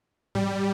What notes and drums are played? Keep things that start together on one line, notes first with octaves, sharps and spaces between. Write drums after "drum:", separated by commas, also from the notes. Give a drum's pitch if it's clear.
G3, drum: tom G#2